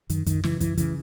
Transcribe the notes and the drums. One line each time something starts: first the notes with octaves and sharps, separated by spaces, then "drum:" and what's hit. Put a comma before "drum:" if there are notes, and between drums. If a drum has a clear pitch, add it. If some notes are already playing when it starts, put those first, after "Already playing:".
F#2 D#3, drum: hi-hat
F#2 D#3, drum: kick, hi-hat
C#3 E3, drum: snare
F#2 E3, drum: kick, hi-hat
C#3 E3, drum: kick, hi-hat